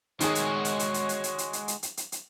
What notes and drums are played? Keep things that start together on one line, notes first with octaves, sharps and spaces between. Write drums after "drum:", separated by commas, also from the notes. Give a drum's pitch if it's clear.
D#3 G#3 F#4 G#4 C#5, drum: hi-hat
drum: hi-hat
drum: hi-hat
drum: hi-hat
drum: hi-hat
drum: hi-hat
drum: hi-hat
drum: hi-hat
drum: hi-hat
drum: hi-hat
drum: hi-hat
drum: hi-hat
drum: hi-hat